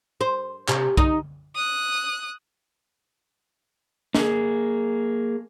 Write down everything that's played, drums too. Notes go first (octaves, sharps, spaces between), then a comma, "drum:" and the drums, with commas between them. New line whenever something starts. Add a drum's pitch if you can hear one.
C5
C3, drum: clap
D#4, drum: kick B1
D#6 F#6
A#3 G#4, drum: snare